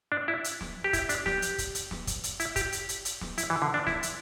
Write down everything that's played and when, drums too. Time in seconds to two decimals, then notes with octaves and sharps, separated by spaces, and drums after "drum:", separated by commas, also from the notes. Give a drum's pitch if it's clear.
0.12 D4
0.28 E4
0.44 drum: hi-hat
0.61 drum: snare
0.84 G4
0.93 E4, drum: kick, hi-hat
1.09 D4, drum: hi-hat
1.26 G4, drum: snare
1.42 drum: hi-hat
1.58 drum: kick, hi-hat
1.75 drum: hi-hat
1.91 drum: snare
2.07 drum: kick, hi-hat
2.24 drum: hi-hat
2.40 E4, drum: hi-hat
2.56 G4, drum: kick, hi-hat
2.72 drum: hi-hat
2.89 drum: hi-hat
3.05 drum: hi-hat
3.21 drum: snare
3.38 E4, drum: hi-hat
3.50 E3
3.62 D3
3.74 D4
3.87 E4, drum: snare
4.03 drum: hi-hat